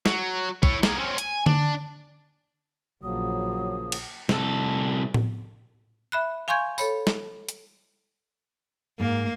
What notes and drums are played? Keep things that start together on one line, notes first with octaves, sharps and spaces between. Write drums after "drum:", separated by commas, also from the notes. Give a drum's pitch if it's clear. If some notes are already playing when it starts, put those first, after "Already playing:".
F#3, drum: snare
E4 C#5, drum: kick
A#3 G#4, drum: snare
C4 C#4
G#5, drum: hi-hat
D4, drum: tom D3
A#1 C#3 F3 F#3 A#3 D#6
drum: cymbal
C2 A4, drum: snare
drum: tom A2
E5 B5 F#6
F5 G#5 C6 C#6 G6 G#6
A4 C#5 B5, drum: tambourine
drum: snare
drum: hi-hat
G#2 A#3